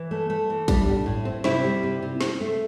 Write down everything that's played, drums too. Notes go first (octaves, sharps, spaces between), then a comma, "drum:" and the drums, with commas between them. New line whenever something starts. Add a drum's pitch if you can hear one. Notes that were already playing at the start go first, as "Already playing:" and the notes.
Already playing: E3
A3
A3
E3
G3 D4, drum: kick, hi-hat
A2
A2
C4
C3 C4 E4, drum: snare
G3
C3
C3
C4, drum: snare
A3